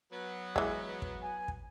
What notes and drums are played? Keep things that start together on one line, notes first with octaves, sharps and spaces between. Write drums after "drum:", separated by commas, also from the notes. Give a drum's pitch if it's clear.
F#3 B3
E3 G#3, drum: kick
drum: kick
G#5
drum: kick